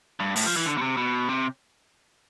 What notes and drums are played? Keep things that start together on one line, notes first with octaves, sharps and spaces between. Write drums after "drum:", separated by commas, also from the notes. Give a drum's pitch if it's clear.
G2
A2, drum: open hi-hat
F3
E3
D3
B2
C3
B2
C3